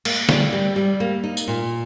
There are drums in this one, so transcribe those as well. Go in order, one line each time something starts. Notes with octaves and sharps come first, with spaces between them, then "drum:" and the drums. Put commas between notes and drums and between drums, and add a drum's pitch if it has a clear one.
A#3, drum: cymbal
G3, drum: snare
G3
G3
A#3
D#4
drum: tambourine
A#2